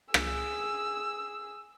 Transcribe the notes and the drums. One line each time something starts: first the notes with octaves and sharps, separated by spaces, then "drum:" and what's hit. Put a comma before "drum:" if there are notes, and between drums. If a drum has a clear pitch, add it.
G#4 E6, drum: rim click